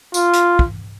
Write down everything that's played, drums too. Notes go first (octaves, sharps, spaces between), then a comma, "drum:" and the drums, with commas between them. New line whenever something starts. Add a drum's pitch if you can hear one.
F4, drum: tambourine
drum: hi-hat
drum: kick